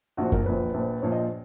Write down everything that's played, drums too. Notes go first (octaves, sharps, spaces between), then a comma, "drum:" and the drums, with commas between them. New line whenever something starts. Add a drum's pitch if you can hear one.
A#1 A#2 F3 F#4
A#4, drum: kick F#2
A#1 A#2 F3 B4
A#1 A#2 F3
A#1 A#2 F3 C#5
D#5